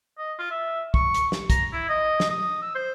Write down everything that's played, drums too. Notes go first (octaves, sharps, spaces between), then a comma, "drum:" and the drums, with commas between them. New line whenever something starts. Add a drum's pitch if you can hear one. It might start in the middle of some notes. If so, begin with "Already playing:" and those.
D#5
F4
E5
C#6, drum: kick
drum: hi-hat
drum: snare
A#5, drum: kick, hi-hat
E4
D#5
drum: snare
D#6
E6
C5